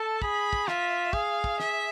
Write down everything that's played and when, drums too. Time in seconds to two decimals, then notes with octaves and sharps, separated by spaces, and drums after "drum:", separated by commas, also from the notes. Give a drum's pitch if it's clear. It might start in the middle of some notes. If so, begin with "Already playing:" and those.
Already playing: A4 A5
0.22 G#4 B5, drum: kick
0.53 drum: kick
0.68 F4 E5, drum: snare
1.13 G#4 F5, drum: kick
1.44 drum: kick
1.60 E5, drum: snare